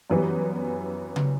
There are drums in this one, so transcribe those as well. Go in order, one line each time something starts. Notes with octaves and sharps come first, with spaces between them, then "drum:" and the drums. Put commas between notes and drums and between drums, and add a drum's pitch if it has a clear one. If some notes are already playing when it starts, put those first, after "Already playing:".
F#2 E3 G3 B3
drum: tom C#3